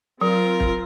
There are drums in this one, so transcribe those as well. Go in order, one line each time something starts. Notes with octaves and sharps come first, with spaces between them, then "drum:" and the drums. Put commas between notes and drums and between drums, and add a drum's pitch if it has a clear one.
F#3 C4 F4 A#4
drum: kick